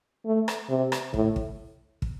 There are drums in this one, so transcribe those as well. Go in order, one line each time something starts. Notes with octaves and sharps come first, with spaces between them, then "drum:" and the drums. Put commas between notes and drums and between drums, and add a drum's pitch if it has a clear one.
A3
drum: rim click
C3
drum: rim click
A2, drum: kick
drum: kick
drum: kick